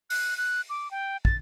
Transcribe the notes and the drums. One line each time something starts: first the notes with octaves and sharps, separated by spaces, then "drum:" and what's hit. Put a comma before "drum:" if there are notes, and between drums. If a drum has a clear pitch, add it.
F#6, drum: open hi-hat
F#6
D6
G5
A6, drum: kick